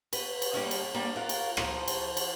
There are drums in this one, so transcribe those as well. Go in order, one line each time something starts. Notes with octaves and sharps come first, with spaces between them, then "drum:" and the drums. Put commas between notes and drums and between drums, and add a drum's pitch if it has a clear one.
B4, drum: cymbal
drum: cymbal
G3 A#3 C#4 D4 C#5 D#5
drum: cymbal
G3 A#3 D4 D5
F4 A#4 F5 F#5
drum: cymbal
E3 F3 C5 D#5 A#5, drum: rim click
drum: cymbal
drum: cymbal